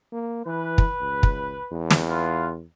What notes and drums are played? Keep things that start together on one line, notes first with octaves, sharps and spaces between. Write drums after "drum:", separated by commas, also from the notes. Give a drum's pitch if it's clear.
A#3
E3 B4
drum: kick
C#2
drum: kick
E2
drum: snare
F4 B4 F5